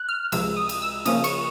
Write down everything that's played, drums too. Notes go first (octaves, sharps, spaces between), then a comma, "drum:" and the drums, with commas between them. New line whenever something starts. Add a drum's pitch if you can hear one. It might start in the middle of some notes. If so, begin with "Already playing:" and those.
Already playing: F#6
F6
C#2 C3 F3 G#3 E6, drum: cymbal
D#6
drum: cymbal
E6
C#3 F3 A#3 C#4 D#6, drum: cymbal
C#6, drum: cymbal